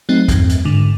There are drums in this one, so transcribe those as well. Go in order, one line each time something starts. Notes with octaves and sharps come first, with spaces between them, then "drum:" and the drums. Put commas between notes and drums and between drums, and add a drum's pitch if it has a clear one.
F#3 A3 C4 D#4
E2 G2, drum: kick A#1, hi-hat
drum: hi-hat
G#2 D3